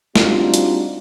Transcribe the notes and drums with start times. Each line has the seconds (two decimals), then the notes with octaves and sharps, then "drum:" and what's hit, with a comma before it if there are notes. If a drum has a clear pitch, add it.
0.16 G3 C4 D4 D#4 F4 F#4, drum: snare
0.54 drum: hi-hat